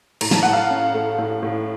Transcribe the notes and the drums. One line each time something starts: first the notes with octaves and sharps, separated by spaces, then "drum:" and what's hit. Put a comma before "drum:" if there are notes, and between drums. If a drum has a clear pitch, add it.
A2 A#5, drum: cymbal
A5, drum: snare
A2 F#5
F5 A5
C#4
A3
A2
A2